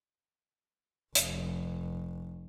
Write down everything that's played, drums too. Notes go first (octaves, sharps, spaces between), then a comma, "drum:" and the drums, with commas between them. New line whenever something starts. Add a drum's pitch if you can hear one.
F1, drum: hi-hat